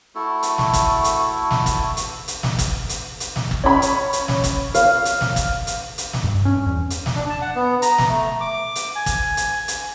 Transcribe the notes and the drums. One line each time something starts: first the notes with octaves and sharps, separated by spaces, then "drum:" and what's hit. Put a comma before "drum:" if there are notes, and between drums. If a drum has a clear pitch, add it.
A3 E4 F#4 A4
drum: hi-hat
drum: snare
drum: kick, hi-hat
drum: hi-hat
drum: snare
drum: kick, hi-hat
drum: hi-hat
drum: hi-hat
drum: snare
drum: kick, hi-hat
drum: hi-hat
drum: hi-hat
drum: snare
drum: kick
C#4 C#5 B5
drum: hi-hat
drum: hi-hat
drum: snare
drum: kick, hi-hat
F5, drum: hi-hat
drum: hi-hat
drum: snare
drum: kick, hi-hat
drum: hi-hat
drum: hi-hat
drum: snare
G2
C#4
E2
drum: hi-hat
drum: snare
D4
A5
F#5
B3
A#5, drum: hi-hat
drum: snare
A3
D6
drum: hi-hat
G#5
drum: kick, hi-hat
drum: hi-hat
drum: hi-hat